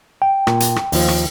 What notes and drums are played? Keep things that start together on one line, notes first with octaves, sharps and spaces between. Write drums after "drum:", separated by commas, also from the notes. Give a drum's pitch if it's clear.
G5
A#2, drum: rim click
drum: hi-hat
drum: rim click
D#2 F3, drum: open hi-hat
drum: rim click